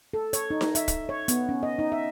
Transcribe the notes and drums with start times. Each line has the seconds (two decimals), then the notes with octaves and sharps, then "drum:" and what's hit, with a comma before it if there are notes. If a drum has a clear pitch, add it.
0.14 A4
0.33 C#5, drum: hi-hat
0.50 D#4
0.61 drum: snare D#4
0.75 E5, drum: hi-hat
0.88 drum: kick, hi-hat
1.09 C#5
1.28 B3, drum: hi-hat
1.49 C#4
1.63 D#5
1.79 D#4
1.92 E5